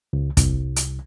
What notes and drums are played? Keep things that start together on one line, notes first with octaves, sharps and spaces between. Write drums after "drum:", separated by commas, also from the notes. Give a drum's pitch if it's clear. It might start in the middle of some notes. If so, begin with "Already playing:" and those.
C#2
C2, drum: kick, hi-hat
drum: hi-hat